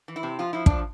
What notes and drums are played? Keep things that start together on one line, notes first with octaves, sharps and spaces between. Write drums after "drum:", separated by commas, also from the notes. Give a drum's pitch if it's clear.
E3
E4
C3
F3 F4
F3 E4
F3 D4, drum: kick